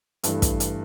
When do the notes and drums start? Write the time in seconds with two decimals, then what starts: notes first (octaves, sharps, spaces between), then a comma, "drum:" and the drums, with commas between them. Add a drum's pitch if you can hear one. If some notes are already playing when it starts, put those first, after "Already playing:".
0.24 G2 E3 A3, drum: hi-hat
0.42 drum: kick, hi-hat
0.60 drum: hi-hat